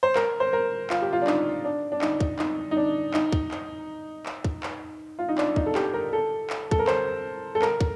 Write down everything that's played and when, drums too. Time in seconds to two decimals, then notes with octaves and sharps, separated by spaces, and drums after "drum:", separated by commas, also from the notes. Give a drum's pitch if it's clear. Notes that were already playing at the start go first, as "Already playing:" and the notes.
0.03 C5
0.16 A#4, drum: clap
0.40 C5
0.53 A#4
0.90 F4, drum: clap
1.02 G4
1.13 F4
1.22 D4
1.27 D#4, drum: clap
1.65 D4
1.92 D4
2.01 D#4, drum: clap
2.20 drum: kick
2.39 D#4, drum: clap
2.71 D#4
2.77 D4
3.14 D#4, drum: clap
3.32 drum: kick
3.51 drum: clap
4.26 drum: clap
4.44 drum: kick
4.63 drum: clap
5.19 F4
5.29 D#4
5.38 D4, drum: clap
5.56 D#4, drum: kick
5.66 A4
5.75 G4, drum: clap
5.94 A#4
6.13 A4
6.50 drum: clap
6.71 A4, drum: kick
6.79 A#4
6.87 C5, drum: clap
7.55 A4
7.62 A#4, drum: clap
7.81 drum: kick